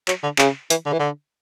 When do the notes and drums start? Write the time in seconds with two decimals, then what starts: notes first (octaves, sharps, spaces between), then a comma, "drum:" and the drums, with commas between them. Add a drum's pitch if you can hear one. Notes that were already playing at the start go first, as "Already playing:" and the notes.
0.08 F#3, drum: clap
0.23 D3
0.38 C#3, drum: clap
0.70 E3, drum: hi-hat
0.86 D3
0.93 E3
1.00 D3